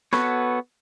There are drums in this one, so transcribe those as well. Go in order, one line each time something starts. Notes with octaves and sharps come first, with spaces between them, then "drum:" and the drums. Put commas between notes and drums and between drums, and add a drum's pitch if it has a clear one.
B3 F#4 A4 B4 C#5, drum: snare